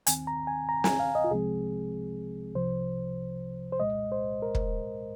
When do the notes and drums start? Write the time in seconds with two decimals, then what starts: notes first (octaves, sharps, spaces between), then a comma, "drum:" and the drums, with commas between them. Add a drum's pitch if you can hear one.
0.07 D#2 D#3 C4 G#5, drum: hi-hat
0.27 A#5
0.47 G#5
0.69 A#5
0.84 G#5, drum: snare
1.00 F5
1.15 D#5
1.24 F4
1.31 C2 C3 F3 G#3 C4 G#4
2.55 C2 C3 F3 C5
3.72 C5
3.80 C2 A#2 G#3 D#5
4.12 C5
4.42 A#4
4.55 drum: kick